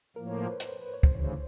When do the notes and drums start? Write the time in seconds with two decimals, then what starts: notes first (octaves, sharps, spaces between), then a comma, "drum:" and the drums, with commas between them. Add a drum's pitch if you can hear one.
0.16 A2 F3 A#3 A#4
0.27 C#5
0.39 C5
0.49 B4
0.60 C5, drum: hi-hat
0.81 B4
0.94 C#5
1.03 D2 C#3 E3 C5, drum: kick
1.15 C#5
1.25 C5